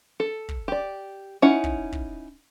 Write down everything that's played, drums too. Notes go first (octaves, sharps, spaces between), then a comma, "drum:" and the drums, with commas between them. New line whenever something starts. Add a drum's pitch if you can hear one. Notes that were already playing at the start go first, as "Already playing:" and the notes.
A4
drum: kick
G4 D5
C#4 D#4 E4 F#5
drum: kick
drum: kick